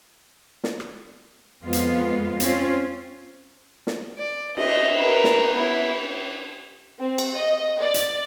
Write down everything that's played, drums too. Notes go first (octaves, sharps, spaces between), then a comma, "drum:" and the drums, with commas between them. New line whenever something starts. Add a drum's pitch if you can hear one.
drum: snare
drum: rim click
F2 G#3 B3 F4
drum: hi-hat
C4 C#4 F4, drum: hi-hat
drum: snare
D5
D#5 E5, drum: cymbal
A#4 B4
drum: snare
B3 E4
C4
drum: cymbal
D#5
D5
drum: hi-hat